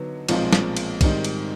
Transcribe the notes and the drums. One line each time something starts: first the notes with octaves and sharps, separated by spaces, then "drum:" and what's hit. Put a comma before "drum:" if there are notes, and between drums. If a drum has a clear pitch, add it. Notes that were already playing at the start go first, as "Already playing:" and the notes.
Already playing: D3 F#3 B3 D#4
B1 A#2 F3 G#3 C4, drum: cymbal
drum: snare
drum: cymbal
G#2 D#3 G3 C4, drum: kick, cymbal
drum: cymbal